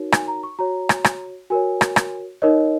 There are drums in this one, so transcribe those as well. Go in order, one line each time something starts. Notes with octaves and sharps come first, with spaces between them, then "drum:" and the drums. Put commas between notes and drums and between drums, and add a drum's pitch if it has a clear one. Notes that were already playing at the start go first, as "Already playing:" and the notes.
Already playing: D#4 F#4 A#4 C#5
G#5, drum: rim click
A#5
C#6
F#4 C#5 A#5
drum: rim click
drum: rim click
F#4 A#4 C#5 G#5
drum: rim click
drum: rim click
D#4 A#4 C#5 D#5